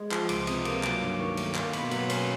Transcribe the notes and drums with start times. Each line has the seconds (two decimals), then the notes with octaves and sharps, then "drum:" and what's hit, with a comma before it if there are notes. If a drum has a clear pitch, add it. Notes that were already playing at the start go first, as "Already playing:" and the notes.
Already playing: G#3
0.11 F3 C6, drum: clap
0.29 C#2 D6, drum: cymbal
0.47 C3 D#6, drum: cymbal
0.65 A#3 D6, drum: cymbal
0.83 F#3 D6, drum: clap
1.01 G2
1.19 D#3 C#6
1.37 A3, drum: cymbal
1.55 A#3 C6, drum: clap
1.73 B2 B5, drum: cymbal
1.91 F#3 B5, drum: cymbal
2.10 C#4 C6, drum: cymbal